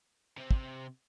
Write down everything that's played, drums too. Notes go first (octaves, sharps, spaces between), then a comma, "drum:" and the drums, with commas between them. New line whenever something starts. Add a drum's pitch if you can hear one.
C3 C4
drum: kick